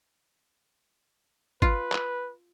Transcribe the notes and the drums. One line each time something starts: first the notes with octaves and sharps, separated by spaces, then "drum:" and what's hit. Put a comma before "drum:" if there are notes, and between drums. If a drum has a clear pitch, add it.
F4 B4, drum: kick
drum: clap